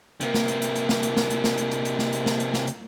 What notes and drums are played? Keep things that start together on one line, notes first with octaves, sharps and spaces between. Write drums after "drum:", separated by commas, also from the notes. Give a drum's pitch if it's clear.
C3 A#3, drum: hi-hat
drum: snare
drum: hi-hat
drum: hi-hat
drum: hi-hat
drum: snare
drum: hi-hat
drum: snare
drum: hi-hat
drum: snare
drum: hi-hat
drum: hi-hat
drum: hi-hat
drum: snare
drum: hi-hat
drum: snare
drum: hi-hat
drum: snare
drum: hi-hat